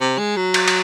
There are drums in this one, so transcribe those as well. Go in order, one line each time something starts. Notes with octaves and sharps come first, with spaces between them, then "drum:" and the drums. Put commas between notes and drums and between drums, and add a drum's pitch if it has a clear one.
C3
G#3
F#3
drum: cymbal
drum: cymbal